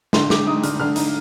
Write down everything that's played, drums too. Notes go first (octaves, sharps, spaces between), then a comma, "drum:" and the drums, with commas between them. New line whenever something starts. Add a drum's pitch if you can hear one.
D3 C6, drum: snare
G#3 D6, drum: snare
D#4 D#6
D3 F6, drum: hi-hat
D3 F6
D#4, drum: hi-hat